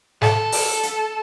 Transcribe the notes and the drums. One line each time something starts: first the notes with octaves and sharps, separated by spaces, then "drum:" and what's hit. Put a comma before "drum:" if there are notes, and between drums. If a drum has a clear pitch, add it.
A4, drum: snare
drum: open hi-hat
drum: hi-hat